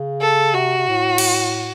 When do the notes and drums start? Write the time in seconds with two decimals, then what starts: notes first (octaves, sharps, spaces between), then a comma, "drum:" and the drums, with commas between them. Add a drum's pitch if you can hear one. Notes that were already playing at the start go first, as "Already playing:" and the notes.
Already playing: C#3
0.21 A4
0.54 C3 F#4
0.77 C3
0.88 A2
1.18 drum: cymbal